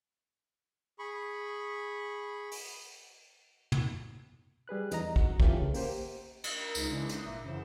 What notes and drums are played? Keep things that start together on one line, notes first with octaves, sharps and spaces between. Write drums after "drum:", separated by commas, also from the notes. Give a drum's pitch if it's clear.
G#4 B5 C#6
drum: open hi-hat
drum: tom
G3 G#4 B4 F#6
E2 D#5 A#5, drum: hi-hat
F#4, drum: kick
E3 A3 C#4 F4 G4 B4, drum: kick
C#3
A#3 G4 C5, drum: open hi-hat
drum: cymbal
A#4
C#2 G#3 D#4 C5 A#5, drum: tambourine
C#3 E3 G#3 D4 E4
C6 D#6 F#6 G6 A#6 C7, drum: hi-hat
G1 A#2 E5 A#5 D6 D#7
F#2 C#3 E3 C5 G6 E7